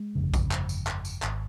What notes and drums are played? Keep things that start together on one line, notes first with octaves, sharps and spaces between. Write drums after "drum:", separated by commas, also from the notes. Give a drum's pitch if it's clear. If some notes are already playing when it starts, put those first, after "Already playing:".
Already playing: G#3
G1 F2 C#3
drum: kick A#1, tambourine
drum: clap
drum: tambourine
drum: clap
drum: tambourine
G#1, drum: clap